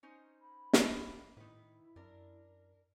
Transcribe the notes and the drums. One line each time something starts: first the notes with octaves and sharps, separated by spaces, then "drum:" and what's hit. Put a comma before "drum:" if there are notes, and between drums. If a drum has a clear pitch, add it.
C#4 D#4 C5
B5
drum: snare
C#2 D#3 A#3
A2 D#3 E4 B4
E4
F#2 D4 A#4